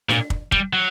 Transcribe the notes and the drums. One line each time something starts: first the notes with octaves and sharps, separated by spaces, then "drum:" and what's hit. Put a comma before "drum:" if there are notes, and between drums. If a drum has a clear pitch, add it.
A#2, drum: snare D4
drum: kick
G3, drum: kick
F#3